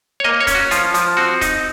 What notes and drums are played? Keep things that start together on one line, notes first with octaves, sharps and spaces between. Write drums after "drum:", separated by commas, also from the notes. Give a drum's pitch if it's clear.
C#5
A#3 D#5
C#5
C#4, drum: kick, hi-hat
F#4
F3 F4, drum: hi-hat
F3, drum: hi-hat
C4 F#4
D#4, drum: kick, hi-hat